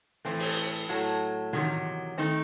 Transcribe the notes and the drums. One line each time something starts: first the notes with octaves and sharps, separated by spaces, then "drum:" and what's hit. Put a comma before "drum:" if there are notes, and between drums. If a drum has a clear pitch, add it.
A2 E3 A3 C4
drum: open hi-hat
A2 F#3 A3
E2 C3 D#3 F#3, drum: tom
D#3 A3 C4 D#4